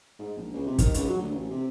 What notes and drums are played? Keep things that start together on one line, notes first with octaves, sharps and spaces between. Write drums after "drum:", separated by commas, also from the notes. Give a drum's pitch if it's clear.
G#2
A#1
C#2
C3
D#3, drum: kick, hi-hat
C#2, drum: hi-hat
F#3
D2
A1
C3